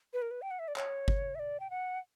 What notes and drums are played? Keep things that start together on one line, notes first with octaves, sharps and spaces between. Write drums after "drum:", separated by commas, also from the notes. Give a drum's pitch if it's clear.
B4
A#4
B4
G5
F#5
E5
D5
C#5, drum: clap
drum: kick G1
E5
D5
G5
F#5